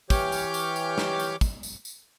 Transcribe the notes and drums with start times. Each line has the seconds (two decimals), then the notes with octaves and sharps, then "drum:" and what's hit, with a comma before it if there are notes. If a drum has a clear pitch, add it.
0.10 E3 G4 C#5 D6 F6 G6, drum: kick, tambourine
0.32 drum: tambourine
0.54 drum: tambourine
0.76 drum: tambourine
0.98 drum: snare
1.19 drum: tambourine
1.41 drum: kick, tambourine
1.63 drum: tambourine
1.85 drum: tambourine